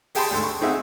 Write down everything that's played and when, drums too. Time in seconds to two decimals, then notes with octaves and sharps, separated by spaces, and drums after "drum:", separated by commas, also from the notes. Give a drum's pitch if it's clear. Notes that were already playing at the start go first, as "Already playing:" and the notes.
0.15 G4 G#4 G5 A5 B5 C6, drum: open hi-hat
0.31 D2 G#2 A4
0.43 C#6
0.61 C4 D#4 G#4 E5 F#5